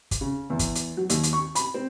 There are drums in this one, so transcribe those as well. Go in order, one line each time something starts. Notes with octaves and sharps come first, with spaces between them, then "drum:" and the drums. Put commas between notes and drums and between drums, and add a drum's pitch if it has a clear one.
drum: kick, hi-hat
C#3
E2
drum: kick, hi-hat
drum: hi-hat
F#3
D#2, drum: hi-hat
drum: hi-hat
C#6
B5, drum: hi-hat
C4